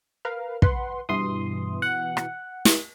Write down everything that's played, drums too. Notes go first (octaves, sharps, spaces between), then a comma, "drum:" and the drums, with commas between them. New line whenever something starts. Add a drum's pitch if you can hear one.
A#4 B4 F5
B4 F#5 C6, drum: kick
G2 B2 E3 C6 D#6
F#5
drum: rim click
drum: snare